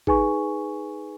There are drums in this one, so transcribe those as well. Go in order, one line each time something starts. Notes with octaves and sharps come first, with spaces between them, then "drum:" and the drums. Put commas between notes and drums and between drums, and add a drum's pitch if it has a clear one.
D#4 G#4 B4 G#5 C#6, drum: kick